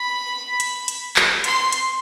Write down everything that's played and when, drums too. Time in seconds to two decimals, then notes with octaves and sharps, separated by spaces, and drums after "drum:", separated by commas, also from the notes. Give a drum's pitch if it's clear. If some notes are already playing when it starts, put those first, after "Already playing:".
Already playing: B5
0.60 drum: hi-hat
0.88 drum: hi-hat
1.16 drum: clap
1.44 C6, drum: hi-hat
1.72 drum: hi-hat